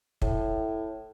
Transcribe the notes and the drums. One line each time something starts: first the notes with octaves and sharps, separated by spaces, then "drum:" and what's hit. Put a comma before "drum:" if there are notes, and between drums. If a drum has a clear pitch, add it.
A2, drum: kick